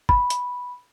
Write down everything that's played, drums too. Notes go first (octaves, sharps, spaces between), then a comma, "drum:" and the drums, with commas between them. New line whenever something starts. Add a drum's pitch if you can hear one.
B5, drum: kick
drum: hi-hat